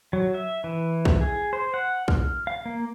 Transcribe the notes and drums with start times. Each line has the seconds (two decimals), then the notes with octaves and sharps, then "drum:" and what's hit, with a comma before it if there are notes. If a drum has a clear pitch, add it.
0.13 F#3
0.34 E5
0.64 E3
1.05 drum: kick
1.21 G#4
1.53 C5
1.74 F#5
2.08 F6, drum: kick
2.47 F5
2.66 A#3